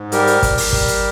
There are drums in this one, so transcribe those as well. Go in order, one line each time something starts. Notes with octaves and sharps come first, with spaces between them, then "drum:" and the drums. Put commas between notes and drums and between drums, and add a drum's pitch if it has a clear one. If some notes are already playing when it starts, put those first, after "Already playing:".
Already playing: G#2
G3 G4 A#4, drum: hi-hat
drum: hi-hat
G3, drum: kick, hi-hat
drum: open hi-hat
G3, drum: kick
drum: hi-hat